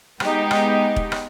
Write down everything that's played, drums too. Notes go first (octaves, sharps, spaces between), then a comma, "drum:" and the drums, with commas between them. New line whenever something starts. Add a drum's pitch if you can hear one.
G#3 B3 D#4 G4, drum: rim click
drum: rim click
drum: kick
drum: rim click